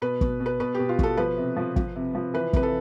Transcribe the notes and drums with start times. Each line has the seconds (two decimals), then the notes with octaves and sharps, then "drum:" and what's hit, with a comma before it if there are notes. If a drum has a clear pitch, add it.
0.02 B2 B4
0.21 B2, drum: kick
0.40 B2
0.46 B4
0.60 B2 B4
0.74 B2 G4
0.89 F4
0.99 B2 A4, drum: kick
1.17 F3 B4
1.37 C3
1.57 F3
1.76 F3, drum: kick
1.96 C3
2.15 F3
2.34 E3 B4
2.53 C3 B4, drum: kick
2.63 A4